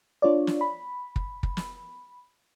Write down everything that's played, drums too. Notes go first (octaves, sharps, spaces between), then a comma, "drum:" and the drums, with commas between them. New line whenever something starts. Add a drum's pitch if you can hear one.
D4 F4 C#5 D5
drum: snare
B5
drum: kick
drum: kick
drum: snare